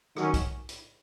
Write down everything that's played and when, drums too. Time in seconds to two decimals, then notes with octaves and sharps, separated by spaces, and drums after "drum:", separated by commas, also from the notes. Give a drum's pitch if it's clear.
0.17 D#3 F#3 C#4, drum: rim click
0.34 drum: kick B1, hi-hat
0.69 drum: hi-hat